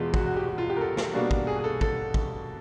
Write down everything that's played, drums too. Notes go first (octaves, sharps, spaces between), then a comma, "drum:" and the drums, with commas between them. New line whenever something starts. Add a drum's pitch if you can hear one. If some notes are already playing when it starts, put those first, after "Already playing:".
Already playing: E2 B2 G#3 F4
F#4, drum: kick
F#4
G4
F#4
F4
G4
A#4
A4
drum: snare
B2 G3 A#3 D4 F#4
drum: kick
G#4
G#4
A4
A4, drum: kick
drum: kick